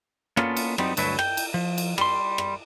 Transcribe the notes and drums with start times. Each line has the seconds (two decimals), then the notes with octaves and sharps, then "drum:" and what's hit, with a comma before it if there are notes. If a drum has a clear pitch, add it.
0.37 A#3 B3 C#4 D4 F4 A4, drum: rim click
0.57 drum: cymbal
0.78 F#3 G3 B3 C4 D#4, drum: rim click
0.97 D2 G2 F#3 A3 E4 B4, drum: cymbal
1.19 G5, drum: rim click
1.37 drum: cymbal
1.54 F3
1.78 drum: cymbal
1.98 G3 C6, drum: rim click
2.38 drum: rim click